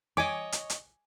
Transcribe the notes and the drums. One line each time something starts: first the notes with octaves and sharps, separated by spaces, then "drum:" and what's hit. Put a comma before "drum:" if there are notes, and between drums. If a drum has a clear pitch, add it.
C#5 D#5 G#5 D6
drum: hi-hat
drum: hi-hat